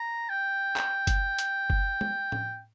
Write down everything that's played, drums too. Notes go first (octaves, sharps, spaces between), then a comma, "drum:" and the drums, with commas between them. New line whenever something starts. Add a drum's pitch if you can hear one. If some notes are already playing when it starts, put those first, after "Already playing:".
Already playing: A#5
G5
drum: clap
drum: kick F#1, hi-hat
drum: hi-hat
drum: kick F#1
drum: tom
drum: tom